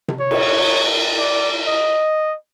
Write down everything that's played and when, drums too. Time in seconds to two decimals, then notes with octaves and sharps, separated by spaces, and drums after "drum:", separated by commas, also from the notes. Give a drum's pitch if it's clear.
0.08 drum: tom C3
0.20 C#5
0.31 drum: cymbal
1.18 D5
1.67 D#5